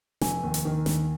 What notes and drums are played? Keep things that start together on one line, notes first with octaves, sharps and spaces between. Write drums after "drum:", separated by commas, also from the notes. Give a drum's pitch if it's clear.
F1 G#5, drum: snare
D#2
drum: hi-hat
D#3
D#2, drum: snare